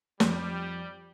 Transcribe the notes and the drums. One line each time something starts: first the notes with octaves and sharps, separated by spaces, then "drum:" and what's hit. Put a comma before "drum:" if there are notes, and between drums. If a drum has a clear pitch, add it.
F2 G3, drum: snare